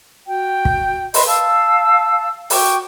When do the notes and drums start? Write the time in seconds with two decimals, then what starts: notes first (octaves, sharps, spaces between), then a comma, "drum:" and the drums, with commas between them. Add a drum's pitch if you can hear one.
0.28 F#4 G5
0.65 drum: kick
1.14 B4 D#5 B5 C6, drum: open hi-hat
1.26 F5 A5 E6
2.50 F#4 G5 C#6 D6, drum: open hi-hat